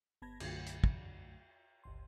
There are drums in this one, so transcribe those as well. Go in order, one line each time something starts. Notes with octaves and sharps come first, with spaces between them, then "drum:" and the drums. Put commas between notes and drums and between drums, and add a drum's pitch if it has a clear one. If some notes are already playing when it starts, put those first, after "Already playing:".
G1 B3 A5 B5 G#6 A#6
B1 F#2 D3 F#3 A3, drum: cymbal
drum: hi-hat
drum: kick
G1 C#2 C6